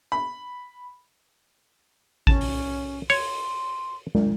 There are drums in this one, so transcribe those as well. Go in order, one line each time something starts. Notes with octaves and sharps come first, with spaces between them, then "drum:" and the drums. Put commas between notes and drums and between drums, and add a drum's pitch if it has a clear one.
B5
C#4 A5, drum: kick A1
drum: open hi-hat
C#5 C6, drum: open hi-hat
drum: tom